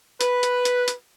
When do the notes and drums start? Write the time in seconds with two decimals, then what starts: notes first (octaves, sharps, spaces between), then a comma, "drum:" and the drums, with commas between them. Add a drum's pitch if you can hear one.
0.21 B4, drum: hi-hat
0.43 drum: hi-hat
0.65 drum: hi-hat
0.88 drum: hi-hat